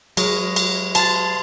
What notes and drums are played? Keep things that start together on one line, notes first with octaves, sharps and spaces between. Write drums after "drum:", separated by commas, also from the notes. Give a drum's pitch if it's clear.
F#3 G#3 A#4 C#5, drum: cymbal
drum: cymbal
A5 C6 A6, drum: cymbal